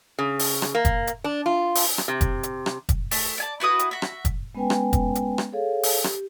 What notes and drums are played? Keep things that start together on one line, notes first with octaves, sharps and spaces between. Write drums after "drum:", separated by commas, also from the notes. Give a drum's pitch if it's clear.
C#3
drum: open hi-hat
drum: rim click
A#3
drum: kick, hi-hat
drum: hi-hat
D4
F4
drum: open hi-hat
drum: rim click
C3
drum: kick, hi-hat
drum: hi-hat
drum: rim click
drum: kick, hi-hat
A3, drum: open hi-hat
D5 G#5 A5
E4 F#4 B4 D#6
drum: hi-hat
F#4 E5
drum: rim click
drum: kick, hi-hat
G#3 B3 C#4 B4 G5 G#5
drum: rim click
drum: kick, hi-hat
drum: hi-hat
drum: rim click
G#4 A4 C#5 F5
drum: open hi-hat
G4, drum: rim click